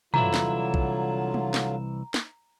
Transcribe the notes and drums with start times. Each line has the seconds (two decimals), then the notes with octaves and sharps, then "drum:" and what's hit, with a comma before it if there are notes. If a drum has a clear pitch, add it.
0.14 C2 D3 E3 F#3 E4 F4 A#5, drum: tom
0.34 drum: snare
0.74 drum: kick A#1
1.34 drum: tom
1.54 drum: snare
2.14 drum: snare